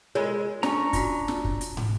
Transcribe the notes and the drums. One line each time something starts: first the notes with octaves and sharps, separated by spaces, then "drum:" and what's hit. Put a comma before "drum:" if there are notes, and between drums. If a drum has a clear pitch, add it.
G#3 F4 A#4 C#5
C#4 D4 A#5 C#6, drum: snare
F4 F#4, drum: kick, hi-hat
drum: snare
drum: kick
drum: hi-hat
drum: tom